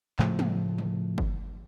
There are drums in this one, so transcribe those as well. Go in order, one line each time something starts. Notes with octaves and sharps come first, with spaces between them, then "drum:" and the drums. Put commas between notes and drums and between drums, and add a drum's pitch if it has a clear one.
A2 C#3 F3 A3, drum: clap
drum: tom
drum: tom
drum: kick G1